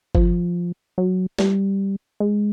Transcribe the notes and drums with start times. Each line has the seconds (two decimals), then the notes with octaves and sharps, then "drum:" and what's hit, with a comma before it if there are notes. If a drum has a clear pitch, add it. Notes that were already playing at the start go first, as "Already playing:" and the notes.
0.15 F3, drum: kick G1
0.98 F#3
1.38 G3, drum: snare
2.20 G#3